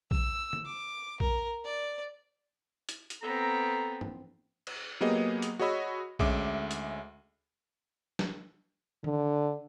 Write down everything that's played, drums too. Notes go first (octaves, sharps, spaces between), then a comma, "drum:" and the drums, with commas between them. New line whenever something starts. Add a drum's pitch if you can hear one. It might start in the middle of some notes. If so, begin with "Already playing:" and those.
E6, drum: kick A#1
drum: tom D3
D6
A#4, drum: kick A#1
D5
drum: hi-hat
drum: hi-hat
B3 C4 A4 A#5
drum: tom G2
drum: cymbal
F#3 A#3 B3 G4 G#4 D#5
drum: hi-hat
F#4 G#4 C#5 D#5 B5 E6
D2 G#3 C#4 E5 D6, drum: kick A#1
drum: hi-hat
drum: snare
D3, drum: tom D#3